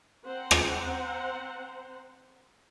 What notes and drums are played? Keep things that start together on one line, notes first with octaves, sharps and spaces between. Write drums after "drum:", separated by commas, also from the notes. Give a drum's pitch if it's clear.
C4 C5 F#5 A#5
drum: rim click